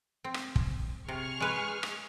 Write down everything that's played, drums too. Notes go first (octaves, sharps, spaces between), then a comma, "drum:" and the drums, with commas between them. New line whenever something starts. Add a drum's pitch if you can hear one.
C4
drum: rim click
drum: kick
C3 G#4 C#6 F6
G#3 B4
drum: rim click